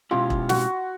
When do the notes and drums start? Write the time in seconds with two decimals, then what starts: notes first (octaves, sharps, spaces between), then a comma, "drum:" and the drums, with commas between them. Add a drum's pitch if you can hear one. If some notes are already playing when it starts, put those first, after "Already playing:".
0.11 B2 G#3 C#4 E4 F4 G4
0.30 drum: kick E1
0.49 F#4, drum: snare